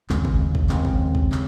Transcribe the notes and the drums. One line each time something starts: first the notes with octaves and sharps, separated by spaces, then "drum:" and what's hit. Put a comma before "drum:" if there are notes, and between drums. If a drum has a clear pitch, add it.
D#2 C#3 G#3 C4, drum: clap
drum: kick
drum: kick
D#2 C#3 G#3 C4, drum: clap
drum: kick
drum: kick
C#3, drum: clap